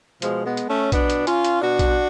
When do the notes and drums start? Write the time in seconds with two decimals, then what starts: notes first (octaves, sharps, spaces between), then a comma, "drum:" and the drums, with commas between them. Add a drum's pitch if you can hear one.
0.22 B2 F3 G#3, drum: hi-hat
0.46 G#3 B3
0.57 drum: hi-hat
0.69 A3 C#4
0.92 B2 B3 D4, drum: kick A#1, hi-hat
1.10 drum: hi-hat
1.27 C#4 F4, drum: hi-hat
1.44 drum: hi-hat
1.61 B2 D4 F#4
1.79 drum: kick A#1, hi-hat